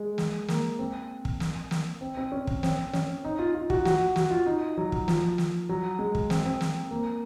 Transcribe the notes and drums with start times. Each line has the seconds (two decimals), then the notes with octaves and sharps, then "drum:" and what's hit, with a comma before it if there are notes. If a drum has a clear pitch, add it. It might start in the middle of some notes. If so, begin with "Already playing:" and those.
Already playing: G#3
0.18 drum: snare
0.48 A#3, drum: snare
0.79 C4
1.25 drum: kick
1.40 drum: snare
1.71 drum: snare
2.01 C4
2.17 C4
2.32 C#4
2.47 drum: kick
2.63 C4, drum: snare
2.93 C#4, drum: snare
3.25 D#4
3.39 F4
3.55 F4
3.70 F#4, drum: kick
3.85 F#4, drum: snare
4.16 F#4, drum: snare
4.31 F4
4.46 D#4
4.77 F#3
4.92 drum: kick
5.08 F3, drum: snare
5.38 drum: snare
5.69 F#3
5.99 G#3
6.15 drum: kick
6.30 C4, drum: snare
6.46 C4
6.61 drum: snare
6.91 A#3